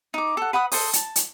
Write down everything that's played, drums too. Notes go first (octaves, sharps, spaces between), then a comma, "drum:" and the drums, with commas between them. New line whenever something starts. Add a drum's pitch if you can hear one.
D#4 D6
A4 F#5
B4 F#5 B5 D#6
A4 C5 D#6, drum: open hi-hat
A5, drum: hi-hat
drum: hi-hat